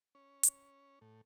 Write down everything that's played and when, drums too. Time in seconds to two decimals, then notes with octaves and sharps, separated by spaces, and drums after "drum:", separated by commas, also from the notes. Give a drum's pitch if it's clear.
0.15 C#4
0.43 drum: hi-hat
1.01 A2